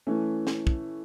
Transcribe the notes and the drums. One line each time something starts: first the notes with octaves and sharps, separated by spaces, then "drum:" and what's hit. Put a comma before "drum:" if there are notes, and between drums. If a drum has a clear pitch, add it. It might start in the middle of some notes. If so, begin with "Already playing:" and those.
E3 A3 C#4
drum: snare
drum: kick